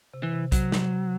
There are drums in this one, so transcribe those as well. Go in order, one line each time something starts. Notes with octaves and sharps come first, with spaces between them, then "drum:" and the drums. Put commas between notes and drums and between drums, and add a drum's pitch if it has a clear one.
C3
E3
C3
C3 F#3, drum: kick B1, hi-hat
drum: snare